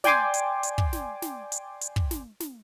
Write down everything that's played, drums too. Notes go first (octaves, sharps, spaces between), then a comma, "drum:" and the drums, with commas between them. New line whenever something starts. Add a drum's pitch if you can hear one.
D5 G5 G#5 C6 D6, drum: snare
drum: hi-hat
drum: hi-hat
drum: kick
drum: snare
drum: snare
drum: hi-hat
drum: hi-hat
drum: kick
drum: snare
drum: snare